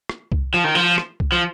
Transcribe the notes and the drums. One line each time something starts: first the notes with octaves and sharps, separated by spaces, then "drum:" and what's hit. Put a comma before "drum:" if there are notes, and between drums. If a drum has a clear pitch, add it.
drum: rim click
drum: kick C2
F3
D#3
F3
drum: rim click
drum: kick C2
F3